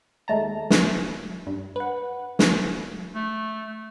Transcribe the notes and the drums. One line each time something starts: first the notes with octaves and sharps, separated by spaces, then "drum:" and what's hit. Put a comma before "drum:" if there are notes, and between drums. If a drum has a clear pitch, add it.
D#2 G#3 A3 A5 A#5
drum: snare
G2
B4 F#5
drum: snare
A3